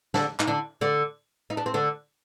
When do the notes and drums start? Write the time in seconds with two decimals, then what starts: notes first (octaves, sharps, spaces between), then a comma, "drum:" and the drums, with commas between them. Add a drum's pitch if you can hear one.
0.14 D3 D4, drum: snare
0.40 D#4, drum: clap
0.47 D3 D4
0.81 D3 D4
1.50 D#4
1.57 D4
1.66 C4
1.74 D3 D4